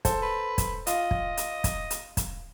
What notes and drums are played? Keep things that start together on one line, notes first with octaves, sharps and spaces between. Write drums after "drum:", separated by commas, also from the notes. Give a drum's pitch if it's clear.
A4 C5, drum: kick, hi-hat
B4
drum: kick, hi-hat
F4 D#5, drum: hi-hat
drum: kick
drum: hi-hat
drum: kick, hi-hat
drum: hi-hat
drum: kick, hi-hat